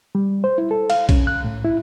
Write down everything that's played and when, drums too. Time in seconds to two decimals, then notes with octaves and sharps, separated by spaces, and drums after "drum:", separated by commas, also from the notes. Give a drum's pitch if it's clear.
0.15 G3
0.44 C5
0.58 E4
0.71 A4
0.90 F5, drum: cymbal
1.09 C#4, drum: kick, cymbal
1.27 F#6
1.44 A2
1.65 E4